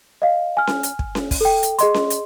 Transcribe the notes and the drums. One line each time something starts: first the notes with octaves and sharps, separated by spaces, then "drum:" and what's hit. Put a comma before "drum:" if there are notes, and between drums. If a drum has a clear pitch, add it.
D#5 F5
G#5 F6
drum: snare C#4
drum: hi-hat
drum: kick
drum: snare C#4
drum: kick, open hi-hat
A4 G5
drum: hi-hat
G#4 D#5 C6, drum: hi-hat
drum: snare C#4
drum: hi-hat